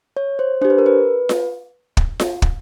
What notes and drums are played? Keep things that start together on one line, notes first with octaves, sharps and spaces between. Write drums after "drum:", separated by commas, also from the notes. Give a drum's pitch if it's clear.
C#5
C5
D4 G4 C5
B4
A#4
B4
drum: snare F4
drum: kick
drum: snare F4
drum: kick